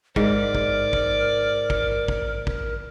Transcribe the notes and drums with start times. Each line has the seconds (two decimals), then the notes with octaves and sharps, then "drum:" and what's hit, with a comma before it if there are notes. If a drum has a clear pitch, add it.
0.16 G#2 A#4 D5, drum: kick
0.55 drum: kick
0.93 drum: kick
1.70 drum: kick
2.08 drum: kick
2.47 drum: kick